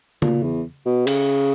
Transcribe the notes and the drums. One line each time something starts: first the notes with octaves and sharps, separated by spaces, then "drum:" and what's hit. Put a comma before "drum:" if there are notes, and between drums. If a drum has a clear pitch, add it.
A#2, drum: tom C#3
E2
B2
C#3, drum: cymbal